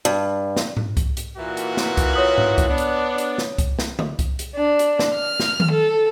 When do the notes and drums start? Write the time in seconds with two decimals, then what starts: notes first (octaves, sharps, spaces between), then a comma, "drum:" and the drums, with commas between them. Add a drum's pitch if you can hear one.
0.05 G2
0.56 drum: snare
0.77 drum: tom G#2
0.97 drum: kick C2, hi-hat
1.17 drum: hi-hat
1.37 A#2 E3 F#4
1.57 drum: hi-hat
1.77 drum: snare
1.97 drum: kick C2, hi-hat
2.13 C#5 D#6 F#7
2.38 drum: tom G#2
2.58 drum: kick C2, hi-hat
2.69 B3 D4
2.78 drum: hi-hat
3.18 drum: hi-hat
3.38 drum: snare
3.58 drum: kick C2, hi-hat
3.79 drum: snare
3.99 drum: tom D3
4.19 drum: kick C2, hi-hat
4.39 drum: hi-hat
4.55 D4
4.79 drum: hi-hat
4.99 drum: snare
5.15 F6
5.40 drum: snare
5.60 drum: tom D#3
5.71 A4